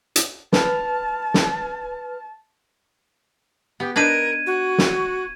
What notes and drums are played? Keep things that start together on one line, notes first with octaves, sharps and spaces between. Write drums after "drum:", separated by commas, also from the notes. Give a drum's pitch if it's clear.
drum: hi-hat
B4 A5 F6, drum: snare
drum: snare
B3 G4
D4 D#4 A#4 B4 G#6 D#7
F#4
drum: snare